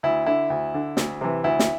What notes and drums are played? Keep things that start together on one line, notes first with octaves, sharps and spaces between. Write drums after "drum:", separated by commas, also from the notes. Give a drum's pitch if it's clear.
D2 E4
D3 E4
D2
D3
D2, drum: snare
C3 E3
D2 E4
drum: snare